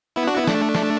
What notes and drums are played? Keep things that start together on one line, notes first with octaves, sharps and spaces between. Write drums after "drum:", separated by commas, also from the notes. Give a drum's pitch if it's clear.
B3 E4
D4 F#4
B3 E4
A3 D4, drum: snare
drum: snare